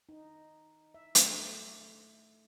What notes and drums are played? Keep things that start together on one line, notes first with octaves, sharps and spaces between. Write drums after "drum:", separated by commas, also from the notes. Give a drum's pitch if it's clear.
D#4
E5
A3, drum: hi-hat